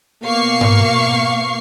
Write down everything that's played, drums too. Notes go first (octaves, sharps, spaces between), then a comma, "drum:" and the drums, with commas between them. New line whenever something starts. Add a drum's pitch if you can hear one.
B2 A#3 F5 C#6 C7
drum: tom G#2